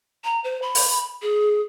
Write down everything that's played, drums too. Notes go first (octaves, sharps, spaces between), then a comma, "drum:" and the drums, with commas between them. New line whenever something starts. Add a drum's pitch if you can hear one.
A#5
C5
B5
drum: open hi-hat
G#4